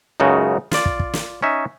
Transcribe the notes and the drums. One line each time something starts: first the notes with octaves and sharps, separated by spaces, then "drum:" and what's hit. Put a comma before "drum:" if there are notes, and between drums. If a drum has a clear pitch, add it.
C#2 F#2 C#3 D#4 F#4
F4 D5, drum: snare
drum: kick
drum: kick
drum: snare
C#4 D#4 E5